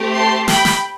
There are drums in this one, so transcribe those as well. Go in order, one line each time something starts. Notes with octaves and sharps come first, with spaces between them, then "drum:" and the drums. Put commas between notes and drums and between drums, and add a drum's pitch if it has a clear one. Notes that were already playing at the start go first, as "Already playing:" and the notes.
Already playing: A3 C4 G4
A5 C6
G5 B5, drum: snare
drum: snare